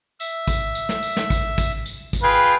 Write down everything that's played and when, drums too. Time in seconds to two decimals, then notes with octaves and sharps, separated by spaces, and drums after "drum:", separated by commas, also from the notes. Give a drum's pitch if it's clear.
0.20 E5, drum: tambourine
0.48 drum: kick, tambourine
0.75 drum: tambourine
0.89 drum: snare
1.03 drum: tambourine
1.17 drum: snare
1.30 drum: kick, tambourine
1.58 drum: kick, tambourine
1.86 drum: tambourine
2.13 drum: kick, tambourine
2.23 F4 G#4 B4 G5